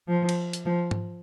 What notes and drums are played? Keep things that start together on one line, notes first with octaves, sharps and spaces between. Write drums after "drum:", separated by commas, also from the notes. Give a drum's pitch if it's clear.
F3
drum: cymbal
drum: hi-hat
F3
drum: tom G#2